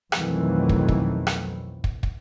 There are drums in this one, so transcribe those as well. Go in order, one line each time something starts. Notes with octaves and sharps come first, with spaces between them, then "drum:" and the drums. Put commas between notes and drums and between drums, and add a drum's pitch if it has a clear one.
B1 F2 D#3 E3 F#3 A3, drum: rim click
drum: kick
drum: kick
drum: rim click
drum: kick
drum: kick